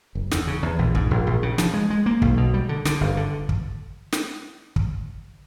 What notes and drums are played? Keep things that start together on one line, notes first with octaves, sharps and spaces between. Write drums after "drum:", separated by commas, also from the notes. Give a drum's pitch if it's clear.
F#1
E2, drum: snare
C#3
E2
A#1
G#2, drum: kick
A#1
A#1
C#3
F3, drum: snare
G#3
G#3
A#3
B1, drum: kick
B2
G3
D3
D3, drum: snare
G1
D3
drum: kick
drum: snare
drum: kick